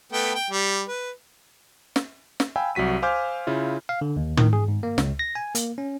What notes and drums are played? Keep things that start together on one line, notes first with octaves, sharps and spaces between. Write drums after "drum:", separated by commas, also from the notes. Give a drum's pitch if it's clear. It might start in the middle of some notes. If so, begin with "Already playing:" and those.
A3 B3 G5
G5
G3
B4
drum: snare
drum: snare
F5 G5 G#5 B5 E6
C2 F#3 F#4 B6 D#7
C5 F5 G#5 D6 F6 G6
C#3 E4 F4
F5
D3
D#2
D#3, drum: tom
G#4
G#2
A#3
C#2, drum: snare
A#6
G#5
A#3, drum: hi-hat
C#4